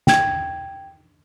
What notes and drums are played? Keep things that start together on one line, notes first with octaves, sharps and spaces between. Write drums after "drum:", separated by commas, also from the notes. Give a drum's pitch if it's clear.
G5 G#6, drum: snare